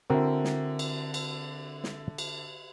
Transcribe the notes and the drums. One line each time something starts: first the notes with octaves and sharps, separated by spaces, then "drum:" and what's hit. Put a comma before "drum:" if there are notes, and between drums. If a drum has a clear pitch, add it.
D3 C4 E4 F#4 A#4
drum: snare
drum: cymbal
drum: cymbal
drum: snare
drum: cymbal